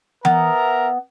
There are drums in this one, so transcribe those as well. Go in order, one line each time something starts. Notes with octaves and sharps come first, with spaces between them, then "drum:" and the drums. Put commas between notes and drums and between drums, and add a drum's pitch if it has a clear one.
B3 A#4 E5 A#5, drum: tom E3